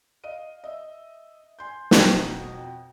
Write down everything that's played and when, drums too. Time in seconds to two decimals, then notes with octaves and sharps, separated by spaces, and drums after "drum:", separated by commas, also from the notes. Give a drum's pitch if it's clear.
0.24 D#5 F5 D#7
0.64 D#5 E5
1.59 G#5 C6 G6
1.91 F2 B2 F#4 D#5 G5 A#5, drum: snare